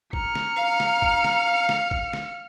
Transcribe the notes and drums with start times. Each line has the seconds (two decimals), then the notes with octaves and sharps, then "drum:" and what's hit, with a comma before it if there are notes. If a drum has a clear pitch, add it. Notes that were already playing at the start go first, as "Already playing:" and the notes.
0.13 A#5 F6 C#7, drum: kick
0.35 drum: snare
0.56 F5
0.80 drum: snare
1.02 drum: kick
1.24 drum: snare
1.69 drum: snare
1.91 drum: kick
2.13 drum: snare